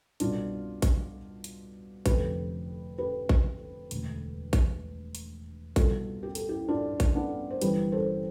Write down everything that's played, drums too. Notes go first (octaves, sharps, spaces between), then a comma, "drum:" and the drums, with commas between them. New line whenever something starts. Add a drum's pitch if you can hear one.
C2 B2 D4 F4, drum: hi-hat
drum: kick A#1, hi-hat
drum: hi-hat
F1 F2 D3 F3 G4 B4, drum: kick A#1, hi-hat
G4 B4
drum: kick A#1
E1 D2 D3, drum: hi-hat
drum: kick A#1, hi-hat
drum: hi-hat
C2 B2 F4 A4, drum: kick A#1, hi-hat
G4
A4, drum: hi-hat
E4 G4
D4 F4
drum: kick A#1, hi-hat
B3 D4
C5
G1 G2 E3 G4 B4, drum: hi-hat
A4 C5